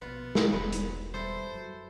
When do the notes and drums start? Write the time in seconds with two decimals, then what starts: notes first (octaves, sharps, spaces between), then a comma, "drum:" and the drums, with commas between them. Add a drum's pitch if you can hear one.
0.02 A#1 B2 B3 F4
0.35 C5, drum: snare
0.53 E1 B4
0.72 drum: hi-hat
1.14 G3 E4 A4 C5
1.52 F#2 F#3